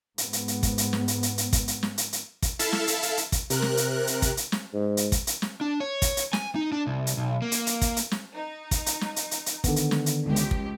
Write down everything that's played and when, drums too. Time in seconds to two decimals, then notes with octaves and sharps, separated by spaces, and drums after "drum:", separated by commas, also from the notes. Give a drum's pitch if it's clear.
0.18 G#2 B3, drum: hi-hat
0.33 drum: hi-hat
0.48 drum: hi-hat
0.63 drum: kick, hi-hat
0.78 drum: hi-hat
0.93 drum: snare
1.08 drum: hi-hat
1.23 drum: hi-hat
1.38 drum: hi-hat
1.53 drum: kick, hi-hat
1.68 drum: hi-hat
1.83 drum: snare
1.98 drum: hi-hat
2.13 drum: hi-hat
2.42 drum: kick, hi-hat
2.59 E4 A4 E5 F5 A5, drum: hi-hat
2.72 drum: snare
2.87 drum: hi-hat
3.02 drum: hi-hat
3.17 drum: hi-hat
3.32 drum: kick, hi-hat
3.50 C3 A#4 F#6, drum: hi-hat
3.62 drum: snare
3.77 drum: hi-hat
4.07 drum: hi-hat
4.22 drum: kick, hi-hat
4.37 drum: hi-hat
4.52 drum: snare
4.74 G#2
4.97 drum: hi-hat
5.12 drum: kick, hi-hat
5.27 drum: hi-hat
5.42 drum: snare
5.61 D4
5.80 C#5
6.02 drum: kick, hi-hat
6.17 drum: hi-hat
6.33 G#5, drum: snare
6.55 D#4
6.72 D4
6.87 C2
7.07 drum: hi-hat
7.17 B1
7.42 A#3
7.52 drum: hi-hat
7.67 drum: hi-hat
7.82 drum: kick, hi-hat
7.96 drum: hi-hat
8.11 drum: snare
8.35 D#4
8.71 drum: kick, hi-hat
8.86 drum: hi-hat
9.01 drum: snare
9.16 drum: hi-hat
9.31 drum: hi-hat
9.46 drum: hi-hat
9.64 D3 D#3 B3, drum: kick, hi-hat
9.76 drum: hi-hat
9.91 drum: snare
10.06 drum: hi-hat
10.26 C#2 G4
10.36 drum: hi-hat
10.51 drum: kick